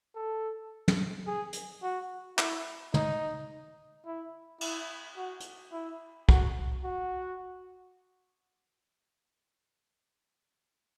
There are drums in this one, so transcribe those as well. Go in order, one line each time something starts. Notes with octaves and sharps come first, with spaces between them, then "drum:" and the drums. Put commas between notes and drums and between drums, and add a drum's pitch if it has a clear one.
A4
drum: tom
G#4
drum: hi-hat
F#4
E4, drum: clap
D#4, drum: tom
E4
E4, drum: cymbal
F#4
drum: hi-hat
E4
F#4, drum: kick
F#4